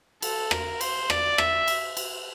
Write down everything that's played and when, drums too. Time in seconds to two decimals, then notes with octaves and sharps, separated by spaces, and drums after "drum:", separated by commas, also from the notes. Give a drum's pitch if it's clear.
0.22 A4, drum: cymbal
0.51 A#4, drum: rim click
0.81 C5, drum: cymbal
1.10 D5, drum: rim click
1.38 E5, drum: rim click
1.68 drum: cymbal
1.97 drum: cymbal